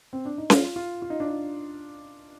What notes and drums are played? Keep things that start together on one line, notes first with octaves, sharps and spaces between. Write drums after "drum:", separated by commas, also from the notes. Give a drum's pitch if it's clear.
C4
D4
D#4
F4, drum: snare C#4
F4
F4
D#4
D4
D#4